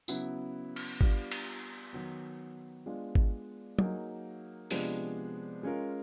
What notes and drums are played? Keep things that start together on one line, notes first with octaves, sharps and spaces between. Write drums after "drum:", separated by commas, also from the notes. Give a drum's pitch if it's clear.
C#3 F#3 B3 E4, drum: tambourine
drum: cymbal
G3 B3 D4 F4, drum: kick G#1
drum: cymbal
D#3 F#3 B3
G#3 B3 D4 F4
drum: kick G#1
F#3 A#3 D#4 G#4, drum: tom F#3
C3 F3 G#3 B3 D4, drum: open hi-hat
G#3 C#4 F4 A#4